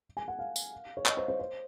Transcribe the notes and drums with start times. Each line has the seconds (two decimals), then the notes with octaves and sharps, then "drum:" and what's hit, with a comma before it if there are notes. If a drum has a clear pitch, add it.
0.17 G#5
0.28 F#5
0.39 F5
0.56 drum: tambourine
0.97 C#5
1.06 D#5, drum: clap
1.17 C5
1.28 C5
1.40 C5